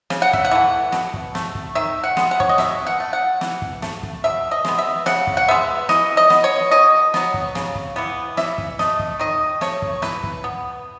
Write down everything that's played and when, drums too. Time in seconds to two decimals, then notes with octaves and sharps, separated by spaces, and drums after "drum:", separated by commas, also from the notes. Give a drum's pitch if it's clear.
0.10 C#3, drum: snare
0.22 F#5
0.33 E5, drum: kick
0.45 F#5
0.51 E3 A3
0.92 B2, drum: snare
1.14 drum: kick
1.35 A3, drum: snare
1.55 drum: kick
1.75 D#3 E5
2.04 F#5
2.17 G#3 B3, drum: snare
2.31 F#5
2.40 C#5, drum: kick
2.49 D#5
2.58 B2 E5, drum: snare
2.87 F#5
3.00 A3
3.13 F#5
3.41 E3, drum: snare
3.62 drum: kick
3.82 A3, drum: snare
4.03 drum: kick
4.24 B2 E5
4.51 D#5
4.65 G#3 B3, drum: snare
4.78 E5
5.06 C#3 F#5, drum: snare
5.27 drum: kick
5.37 F#5
5.48 G#3 B3 E5
5.89 E3 D#5, drum: snare
6.17 D#5
6.30 B3, drum: snare
6.44 C#5
6.71 B2 D#5
7.14 F#3 B3, drum: snare
7.34 drum: kick
7.55 C#3, drum: snare
7.75 drum: kick
7.96 E3 B3
8.37 E3 E5, drum: snare
8.58 drum: kick
8.79 A3 D#5, drum: snare
8.99 drum: kick
9.19 D#3 D#5
9.61 A3 C#5, drum: snare
9.82 drum: kick
10.02 E3 B4, drum: snare
10.23 drum: kick
10.44 B3